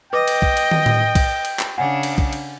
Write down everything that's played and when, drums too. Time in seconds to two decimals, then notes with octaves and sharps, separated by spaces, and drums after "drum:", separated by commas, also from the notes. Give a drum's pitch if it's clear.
0.13 B4 D#5 G5 D6
0.28 drum: cymbal
0.42 drum: kick
0.57 drum: cymbal
0.71 drum: tom
0.86 drum: tom A2
1.15 drum: kick, cymbal
1.45 drum: cymbal
1.59 drum: clap
1.78 C#3 D4 F#5 G#5
2.03 drum: cymbal
2.18 drum: kick
2.33 drum: cymbal